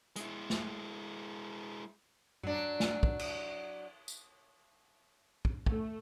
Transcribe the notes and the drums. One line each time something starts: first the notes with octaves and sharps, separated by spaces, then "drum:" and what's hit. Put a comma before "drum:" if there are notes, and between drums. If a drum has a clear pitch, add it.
G#3 E4, drum: hi-hat
drum: snare
F#3 D4, drum: tom G2
drum: snare
drum: kick
drum: cymbal
drum: tambourine
drum: kick
A3, drum: kick